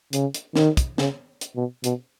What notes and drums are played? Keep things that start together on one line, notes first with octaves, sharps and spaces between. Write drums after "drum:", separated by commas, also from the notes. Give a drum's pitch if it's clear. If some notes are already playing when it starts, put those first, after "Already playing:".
C#3, drum: hi-hat
drum: hi-hat
D#3, drum: snare
drum: kick, hi-hat
C#3, drum: snare
drum: hi-hat
B2
B2, drum: hi-hat